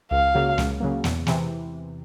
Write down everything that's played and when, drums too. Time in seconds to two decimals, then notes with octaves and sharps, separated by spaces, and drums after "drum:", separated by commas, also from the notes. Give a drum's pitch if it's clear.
0.11 C#2 F5
0.34 C#3 F#3 A#3
0.58 C#2, drum: snare
0.80 C#3 F#3 A#3
1.04 E2, drum: snare
1.27 C3 E3, drum: snare